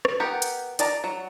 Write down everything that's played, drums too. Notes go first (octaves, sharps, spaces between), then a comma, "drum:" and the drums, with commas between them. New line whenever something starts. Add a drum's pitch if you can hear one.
drum: rim click
B3 G4 A#4 F#5 G5
drum: hi-hat
G#4 D5 A5 A#5, drum: hi-hat
F#3